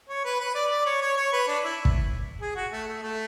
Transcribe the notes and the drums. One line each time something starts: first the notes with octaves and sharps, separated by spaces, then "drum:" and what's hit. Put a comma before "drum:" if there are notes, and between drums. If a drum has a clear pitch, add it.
C#5
B4
B4
D5
D5
C#5
C#5
C#5
B4
D4
E4
drum: kick
G#4
F#4
A3
A3
A3